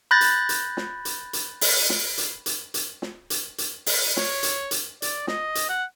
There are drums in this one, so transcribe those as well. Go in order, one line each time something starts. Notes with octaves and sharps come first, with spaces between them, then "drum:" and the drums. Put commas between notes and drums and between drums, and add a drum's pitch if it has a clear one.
B5 F#6 G6 A6 A#6
drum: hi-hat
drum: hi-hat
drum: snare
drum: hi-hat
drum: hi-hat
drum: open hi-hat
drum: snare
drum: hi-hat
drum: hi-hat
drum: hi-hat
drum: snare
drum: hi-hat
drum: hi-hat
drum: open hi-hat
C#5, drum: snare
drum: hi-hat
drum: hi-hat
D5, drum: hi-hat
D#5, drum: snare
drum: hi-hat
F#5